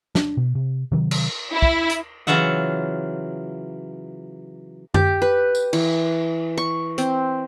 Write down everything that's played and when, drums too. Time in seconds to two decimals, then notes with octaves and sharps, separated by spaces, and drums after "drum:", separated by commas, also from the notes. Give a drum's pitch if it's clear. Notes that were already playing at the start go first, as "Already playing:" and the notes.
0.15 D4, drum: snare
0.37 B2
0.55 C3
0.92 C3 D#3 F#3
1.11 drum: cymbal
1.52 E4
1.62 drum: kick
1.90 drum: hi-hat
2.27 C#3 E3 F#3 F4 E5 F#5
4.94 G4, drum: tom F#2
5.22 B4
5.55 drum: tambourine
5.73 E3, drum: cymbal
6.58 C#6
6.98 C4, drum: hi-hat